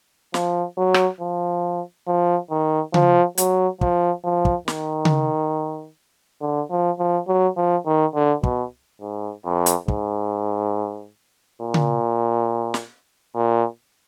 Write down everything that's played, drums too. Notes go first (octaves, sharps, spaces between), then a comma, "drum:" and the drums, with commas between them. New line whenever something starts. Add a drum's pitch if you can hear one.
F3, drum: snare
F#3
drum: rim click
F3
F3
D#3
F3, drum: tom C#3
F#3, drum: hi-hat
F3, drum: kick
F3
drum: kick
D#3, drum: snare
drum: tom C#3
D3
F3
F3
F#3
F3
D#3
D3
B2, drum: kick
G#2
F2
drum: hi-hat
G#2, drum: kick
A#2
drum: tom C#3
drum: snare
A#2